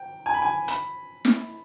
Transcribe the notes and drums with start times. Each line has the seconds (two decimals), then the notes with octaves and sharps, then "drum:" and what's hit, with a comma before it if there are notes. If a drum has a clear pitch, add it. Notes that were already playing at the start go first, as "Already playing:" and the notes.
Already playing: G5
0.26 G#5
0.34 B5
0.42 G#5
0.68 B5, drum: hi-hat
1.25 drum: snare